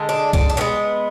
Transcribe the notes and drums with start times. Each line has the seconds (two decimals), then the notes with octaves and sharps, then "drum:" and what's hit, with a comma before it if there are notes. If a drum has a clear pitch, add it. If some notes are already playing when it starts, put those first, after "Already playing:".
Already playing: D3 G#3
0.09 D4
0.33 D4, drum: kick
0.50 D4
0.57 D3 G#3 B3